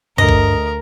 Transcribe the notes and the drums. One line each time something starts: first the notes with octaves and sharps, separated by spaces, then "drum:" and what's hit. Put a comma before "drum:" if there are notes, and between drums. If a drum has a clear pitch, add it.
D2 G2 A#4 D#5
drum: kick